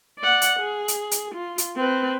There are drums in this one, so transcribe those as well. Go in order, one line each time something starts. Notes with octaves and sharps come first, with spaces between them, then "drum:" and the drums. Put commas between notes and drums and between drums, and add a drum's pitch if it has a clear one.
D5 F#5
drum: hi-hat
G#4
drum: hi-hat
drum: hi-hat
F4
drum: hi-hat
C4 B4